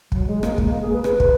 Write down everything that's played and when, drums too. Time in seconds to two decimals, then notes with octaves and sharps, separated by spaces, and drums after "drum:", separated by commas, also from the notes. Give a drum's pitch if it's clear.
0.12 F#3, drum: kick
0.27 G#3
0.43 A#3, drum: rim click
0.58 G#3, drum: kick
0.70 A#3
0.81 G#4
0.93 B4
1.04 B4, drum: rim click
1.20 drum: kick